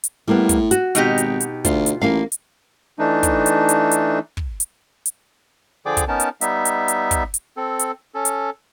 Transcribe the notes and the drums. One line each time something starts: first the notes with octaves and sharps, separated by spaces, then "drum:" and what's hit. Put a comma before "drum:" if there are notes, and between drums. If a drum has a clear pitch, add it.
drum: hi-hat
A2 G3 A#3 B3
drum: kick, hi-hat
F#4, drum: hi-hat
G#1 B2 D#4 G4, drum: hi-hat
drum: hi-hat
drum: hi-hat
D2 F4, drum: kick, hi-hat
drum: hi-hat
A1 A#3 F4 F5
drum: hi-hat
E3 A3 D4 D#4
drum: kick, hi-hat
drum: hi-hat
drum: hi-hat
drum: hi-hat
drum: kick
drum: hi-hat
drum: hi-hat
D3 F3 G#4 D5 G5 D6
drum: kick, hi-hat
B3 C#4 D#4 A#4 A5
drum: hi-hat
G3 B3 D#4 E5, drum: hi-hat
drum: hi-hat
drum: hi-hat
drum: kick, hi-hat
drum: hi-hat
C4 A4
drum: hi-hat
C#4 A4
drum: hi-hat